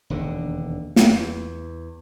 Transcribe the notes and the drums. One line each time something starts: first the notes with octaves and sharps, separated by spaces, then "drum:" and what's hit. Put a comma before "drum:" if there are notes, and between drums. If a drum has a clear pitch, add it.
E1 D#2 D3
E2, drum: snare